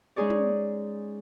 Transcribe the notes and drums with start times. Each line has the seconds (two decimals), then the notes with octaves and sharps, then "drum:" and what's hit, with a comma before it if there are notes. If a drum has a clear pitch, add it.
0.16 G#3 C#4 D#4 G#4 C#5 D5
0.30 drum: tom